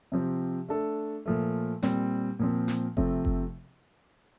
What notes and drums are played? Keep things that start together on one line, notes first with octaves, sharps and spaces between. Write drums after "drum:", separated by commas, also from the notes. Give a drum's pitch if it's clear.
C3 F3 C4 G4
A3 D4 A4
A#2 F3 A3
A#2 G3 C4, drum: snare
A#2 F3 C4
drum: snare
C3 F3 A3 C4, drum: kick F#1
drum: kick F#1